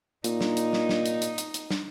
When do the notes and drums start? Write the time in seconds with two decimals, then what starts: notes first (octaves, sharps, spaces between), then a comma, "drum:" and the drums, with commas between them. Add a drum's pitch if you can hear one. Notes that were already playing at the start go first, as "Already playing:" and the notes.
0.24 A#2 D#4, drum: hi-hat
0.41 drum: snare
0.57 drum: hi-hat
0.73 drum: snare
0.89 drum: snare
1.06 drum: hi-hat
1.22 drum: hi-hat
1.38 drum: hi-hat
1.54 drum: hi-hat
1.71 drum: snare